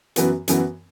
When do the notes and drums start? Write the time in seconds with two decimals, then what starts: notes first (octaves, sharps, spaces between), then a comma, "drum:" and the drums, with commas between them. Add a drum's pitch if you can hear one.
0.16 F#2 E3 B3 F#4, drum: hi-hat
0.48 F#2 E3 B3 F#4, drum: hi-hat